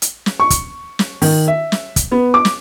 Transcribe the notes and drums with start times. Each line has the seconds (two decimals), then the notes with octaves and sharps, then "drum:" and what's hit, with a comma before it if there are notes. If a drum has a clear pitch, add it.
0.02 drum: hi-hat
0.26 drum: snare
0.40 C#6
0.50 drum: kick, hi-hat
0.99 drum: snare
1.22 D#3, drum: open hi-hat
1.48 E5
1.72 drum: snare
1.96 drum: kick, hi-hat
2.11 B3
2.34 D6
2.45 drum: snare